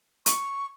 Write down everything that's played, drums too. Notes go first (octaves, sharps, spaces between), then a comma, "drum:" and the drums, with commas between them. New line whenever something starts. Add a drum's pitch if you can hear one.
C#6, drum: hi-hat